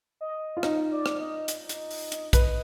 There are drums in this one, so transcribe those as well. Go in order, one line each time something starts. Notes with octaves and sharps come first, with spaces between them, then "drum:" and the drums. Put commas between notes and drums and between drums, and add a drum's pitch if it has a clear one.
D#5
F4
D#4, drum: rim click
D5
drum: rim click
D#5
drum: hi-hat
drum: hi-hat
drum: open hi-hat
drum: hi-hat
B4, drum: kick, hi-hat